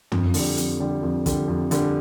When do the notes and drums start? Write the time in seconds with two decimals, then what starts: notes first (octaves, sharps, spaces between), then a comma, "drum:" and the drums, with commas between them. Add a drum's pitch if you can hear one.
0.12 F2, drum: tom
0.34 D3 G3, drum: open hi-hat
0.57 F2, drum: hi-hat
0.80 D3 G3
1.03 F2
1.26 D3 G3, drum: kick, hi-hat
1.48 F2
1.71 D3 G3, drum: hi-hat